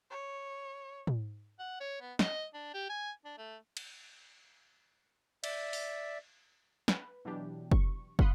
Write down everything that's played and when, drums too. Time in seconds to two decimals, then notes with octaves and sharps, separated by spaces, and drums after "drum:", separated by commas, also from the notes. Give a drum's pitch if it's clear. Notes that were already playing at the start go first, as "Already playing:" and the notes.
0.11 C#5
1.07 drum: tom
1.59 F#5
1.80 C#5
2.01 B3
2.19 D#5, drum: snare
2.54 D4
2.74 G4
2.89 G#5
3.25 D4
3.38 A3
3.77 drum: cymbal
5.44 D5 E5, drum: cymbal
5.73 drum: open hi-hat
6.88 B4, drum: snare
7.25 B2 E3 F#3 D4 G4
7.71 C#6, drum: kick
8.19 F5 F#5 B5 C6 D#6 F#6, drum: kick